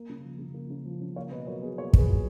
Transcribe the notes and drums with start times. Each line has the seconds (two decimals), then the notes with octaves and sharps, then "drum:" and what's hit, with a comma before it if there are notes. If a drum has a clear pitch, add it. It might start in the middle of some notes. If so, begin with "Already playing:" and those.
Already playing: A#3
0.10 C#3
0.25 F3
0.39 C#3
0.54 A#3
0.70 C#3
0.85 F3
1.02 C#3
1.16 A#3 C#5 F5
1.31 B2 B4 D#5
1.46 F#3 A#4 C#5
1.62 B2 G#4 B4
1.78 A#3 A#4 C#5
1.93 B2 G#4 B4, drum: kick
2.09 F#3